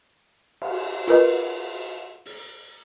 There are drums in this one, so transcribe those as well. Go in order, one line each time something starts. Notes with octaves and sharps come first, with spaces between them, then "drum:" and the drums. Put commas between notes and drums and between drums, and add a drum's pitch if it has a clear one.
drum: cymbal
F4 A#4 B4 D#5, drum: hi-hat
drum: open hi-hat